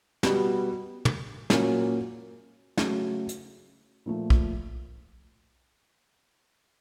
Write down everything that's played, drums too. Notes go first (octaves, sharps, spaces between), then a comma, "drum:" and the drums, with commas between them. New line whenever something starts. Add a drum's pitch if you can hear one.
B2 G3 B3, drum: snare
drum: tom
A#2 F#3 A#3 C#4, drum: snare
C#3 F#3 A3, drum: snare
drum: hi-hat
A#2 F3 A3
drum: kick